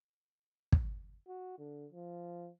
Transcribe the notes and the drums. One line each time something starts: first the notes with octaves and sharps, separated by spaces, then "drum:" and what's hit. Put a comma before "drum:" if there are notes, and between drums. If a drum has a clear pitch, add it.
drum: kick
F#4
D3
F3